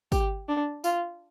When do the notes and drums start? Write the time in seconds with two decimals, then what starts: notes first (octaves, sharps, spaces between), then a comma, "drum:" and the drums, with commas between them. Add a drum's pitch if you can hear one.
0.12 G4, drum: kick, tambourine
0.48 D4
0.84 F4, drum: tambourine